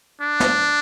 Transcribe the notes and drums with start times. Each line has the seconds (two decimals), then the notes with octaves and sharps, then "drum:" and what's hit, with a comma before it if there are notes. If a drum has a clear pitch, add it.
0.21 D4
0.40 drum: snare